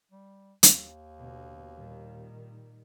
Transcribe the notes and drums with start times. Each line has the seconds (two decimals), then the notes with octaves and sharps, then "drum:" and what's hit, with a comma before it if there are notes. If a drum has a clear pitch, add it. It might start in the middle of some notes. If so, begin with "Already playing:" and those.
0.11 G3
0.63 D#2, drum: hi-hat
1.17 B2 D3
1.75 A#2 D#3 G3